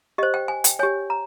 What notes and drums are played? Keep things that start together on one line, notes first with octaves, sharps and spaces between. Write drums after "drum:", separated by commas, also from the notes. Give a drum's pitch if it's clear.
G4 C5 D#5
G5
G#5
G5, drum: hi-hat
G4 C#5 G#5
A#5